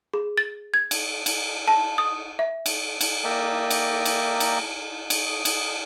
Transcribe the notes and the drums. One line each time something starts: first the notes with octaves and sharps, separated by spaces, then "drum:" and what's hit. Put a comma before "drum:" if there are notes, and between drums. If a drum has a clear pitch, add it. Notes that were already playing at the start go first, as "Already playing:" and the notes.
G#4
A6
G#6
drum: cymbal
drum: cymbal
A5
D#6
E5
drum: cymbal
drum: cymbal
A#3 A#4 D5 E5 G5 D#6
drum: cymbal
drum: cymbal
drum: cymbal
drum: cymbal
D#6
drum: cymbal